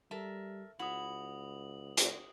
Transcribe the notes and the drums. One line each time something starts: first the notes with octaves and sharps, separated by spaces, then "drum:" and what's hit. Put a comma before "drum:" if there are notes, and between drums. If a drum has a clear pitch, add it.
G3 A4 A#4 E5
C#2 E4 F#4 D#6 F#7
drum: hi-hat